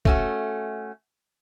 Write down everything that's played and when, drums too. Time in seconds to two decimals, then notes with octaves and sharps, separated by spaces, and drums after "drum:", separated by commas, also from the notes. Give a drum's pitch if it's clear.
0.05 A3 C#4 F#4, drum: kick